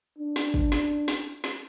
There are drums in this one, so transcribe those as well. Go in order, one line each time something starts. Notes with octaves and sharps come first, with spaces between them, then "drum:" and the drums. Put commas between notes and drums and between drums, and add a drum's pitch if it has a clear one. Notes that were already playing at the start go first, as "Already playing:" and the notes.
D4
drum: snare
drum: kick
drum: snare
drum: snare
drum: snare